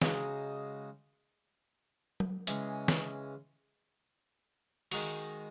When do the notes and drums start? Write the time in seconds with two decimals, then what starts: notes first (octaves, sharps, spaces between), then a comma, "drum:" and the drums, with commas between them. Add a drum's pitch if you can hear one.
0.02 C#3 G#3 D#4 F#4, drum: snare
2.20 drum: tom F#3
2.47 C#3 E3 G#3 C#4, drum: hi-hat
2.88 drum: snare
4.92 D#3 G#3 D#4 F#4, drum: open hi-hat